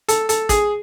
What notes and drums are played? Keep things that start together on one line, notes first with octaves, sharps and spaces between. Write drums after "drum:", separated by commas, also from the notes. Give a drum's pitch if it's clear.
A4, drum: hi-hat
A4, drum: hi-hat
G#4, drum: kick, hi-hat